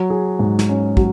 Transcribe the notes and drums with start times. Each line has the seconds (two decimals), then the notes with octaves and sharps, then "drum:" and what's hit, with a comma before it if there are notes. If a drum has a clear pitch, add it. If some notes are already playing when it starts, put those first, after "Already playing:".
Already playing: F#3
0.10 G#4
0.39 G#2
0.59 drum: snare
0.69 C#4
0.97 F#3, drum: kick